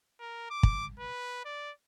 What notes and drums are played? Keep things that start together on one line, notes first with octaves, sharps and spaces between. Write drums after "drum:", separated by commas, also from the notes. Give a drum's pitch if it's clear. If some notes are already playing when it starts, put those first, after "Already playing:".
A#4
D6
drum: kick
B4
D5